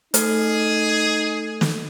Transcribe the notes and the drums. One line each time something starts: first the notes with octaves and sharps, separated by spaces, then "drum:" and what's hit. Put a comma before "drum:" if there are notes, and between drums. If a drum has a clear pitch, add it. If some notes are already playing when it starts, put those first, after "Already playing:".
A3 D#4 G#4 A4 F6, drum: hi-hat
drum: snare